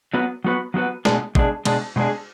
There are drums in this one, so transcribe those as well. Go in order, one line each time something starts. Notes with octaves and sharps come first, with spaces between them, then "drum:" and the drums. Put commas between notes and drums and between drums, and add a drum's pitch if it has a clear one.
F#3 B3 F#4 B4
F#3 B3 F#4 B4
F#3 B3 F#4 B4
B2 G#3 D4 G#4, drum: snare
B2 G#3 D4 G#4, drum: kick G#1
B2 G#3 D4 G#4, drum: cymbal
B2 G#3 D4 G#4